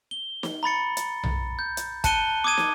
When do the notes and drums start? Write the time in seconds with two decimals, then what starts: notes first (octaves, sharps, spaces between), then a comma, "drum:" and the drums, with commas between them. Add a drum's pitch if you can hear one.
0.11 G7
0.43 drum: snare
0.63 A#5 B5 A6 C#7
0.97 drum: hi-hat
1.24 drum: tom B1
1.59 G6
1.77 drum: hi-hat
2.04 A5 F#6 C#7 D#7 G7, drum: kick, hi-hat
2.44 D6 D#6 G#6 D#7
2.57 drum: snare